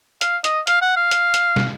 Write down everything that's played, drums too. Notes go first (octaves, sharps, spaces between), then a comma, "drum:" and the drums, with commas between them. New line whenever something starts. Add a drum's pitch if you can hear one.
F5, drum: hi-hat
D#5, drum: hi-hat
F5, drum: hi-hat
F#5
F5
drum: hi-hat
drum: hi-hat
drum: snare